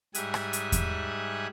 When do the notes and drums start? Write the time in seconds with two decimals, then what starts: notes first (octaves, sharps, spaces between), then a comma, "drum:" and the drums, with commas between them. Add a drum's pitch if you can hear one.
0.15 G#2 G3 E5 G#5 D#6 F#6, drum: hi-hat
0.34 drum: rim click
0.53 drum: hi-hat
0.72 drum: kick E2, hi-hat